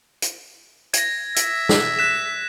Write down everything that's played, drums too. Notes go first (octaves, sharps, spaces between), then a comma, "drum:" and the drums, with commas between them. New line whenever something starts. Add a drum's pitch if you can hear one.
drum: hi-hat
G#6 A#6, drum: hi-hat
E5, drum: hi-hat
drum: snare
F#6 B6 E7